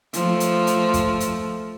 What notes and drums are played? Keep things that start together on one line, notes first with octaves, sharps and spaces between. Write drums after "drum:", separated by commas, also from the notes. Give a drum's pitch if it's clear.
F3 A3, drum: hi-hat
drum: hi-hat
drum: hi-hat
drum: kick, hi-hat
drum: hi-hat